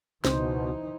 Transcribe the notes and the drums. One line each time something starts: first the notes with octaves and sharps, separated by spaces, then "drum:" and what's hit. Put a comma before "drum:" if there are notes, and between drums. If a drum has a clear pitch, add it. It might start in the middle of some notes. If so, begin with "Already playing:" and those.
C#2 B2 E3 D#4 C5, drum: snare